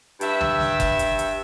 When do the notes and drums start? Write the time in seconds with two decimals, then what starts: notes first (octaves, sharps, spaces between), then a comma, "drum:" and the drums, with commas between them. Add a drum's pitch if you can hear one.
0.21 G2 E5, drum: hi-hat
0.41 drum: tom
0.60 drum: snare
0.80 drum: kick F#1, hi-hat
0.99 drum: hi-hat
1.19 drum: hi-hat